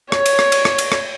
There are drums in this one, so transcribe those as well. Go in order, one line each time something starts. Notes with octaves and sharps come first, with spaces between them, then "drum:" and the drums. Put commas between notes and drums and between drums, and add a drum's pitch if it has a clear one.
C#5, drum: rim click
drum: cymbal
drum: rim click
drum: cymbal
drum: rim click
drum: cymbal
drum: rim click